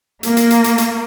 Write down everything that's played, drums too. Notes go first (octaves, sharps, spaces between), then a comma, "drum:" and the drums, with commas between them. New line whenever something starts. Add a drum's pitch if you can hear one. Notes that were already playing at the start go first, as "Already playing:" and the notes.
A#3, drum: hi-hat
drum: hi-hat
drum: hi-hat
drum: hi-hat
drum: hi-hat